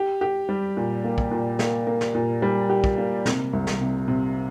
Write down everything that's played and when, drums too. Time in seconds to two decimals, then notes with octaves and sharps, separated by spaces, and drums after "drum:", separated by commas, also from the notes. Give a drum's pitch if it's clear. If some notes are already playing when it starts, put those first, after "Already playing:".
Already playing: G4
0.21 G4
0.49 G3
0.77 A#2
1.04 A#3
1.18 drum: kick
1.31 A#2
1.59 A#3, drum: snare
1.87 A#3
2.01 drum: snare
2.15 A#2
2.42 G3
2.70 G4
2.84 drum: kick
2.98 A#3
3.25 C3, drum: snare
3.53 C2
3.67 drum: snare
3.81 C3
4.08 C3